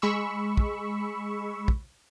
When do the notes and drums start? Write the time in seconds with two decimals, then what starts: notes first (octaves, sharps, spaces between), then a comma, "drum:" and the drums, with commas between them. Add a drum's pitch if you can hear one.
0.02 G#3 B5 C#6 E6
0.57 drum: kick
1.68 drum: kick